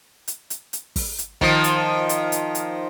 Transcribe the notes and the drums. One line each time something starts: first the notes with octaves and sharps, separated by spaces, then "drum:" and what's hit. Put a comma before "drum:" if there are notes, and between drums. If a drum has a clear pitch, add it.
drum: hi-hat
drum: hi-hat
drum: hi-hat
drum: kick, open hi-hat
drum: hi-hat
D#3 F3, drum: kick
drum: hi-hat
drum: hi-hat
drum: hi-hat
drum: hi-hat